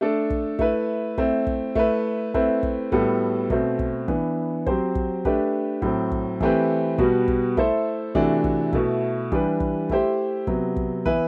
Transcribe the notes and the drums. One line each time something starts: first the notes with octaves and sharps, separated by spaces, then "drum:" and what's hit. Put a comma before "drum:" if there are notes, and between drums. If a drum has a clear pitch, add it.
A3 D4 A4
drum: kick
A3 E4 B4, drum: kick
A3 C4 E4, drum: kick
drum: kick
A3 E4 B4, drum: kick
A3 C4 E4 B4, drum: kick
drum: kick
A2 G3 B3 F#4 A4, drum: kick
B2 A3 C4, drum: kick
drum: kick
E3 B3 D4, drum: kick
F#3 C4 G4 C5, drum: kick
drum: kick
A3 D4 G4 B4, drum: kick
A2 F#3 C4, drum: kick
drum: kick
E3 A3 C4 G4 B4, drum: kick
B2 G3 B3 F#4, drum: kick
drum: kick
A3 E4 A4 C5, drum: kick
C3 E3 A3 D4 F#4, drum: kick
drum: kick
B2 A3 E4, drum: kick
E3 G3 D4 G4 B4, drum: kick
drum: kick
A3 E4 G4 C5, drum: kick
C3 F#3 B3, drum: kick
drum: kick
E3 B3 E4 B4, drum: kick